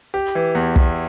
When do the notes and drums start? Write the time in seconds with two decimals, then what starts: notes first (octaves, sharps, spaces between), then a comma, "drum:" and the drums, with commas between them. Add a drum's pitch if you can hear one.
0.14 G4
0.35 E3
0.55 E2
0.76 E2, drum: kick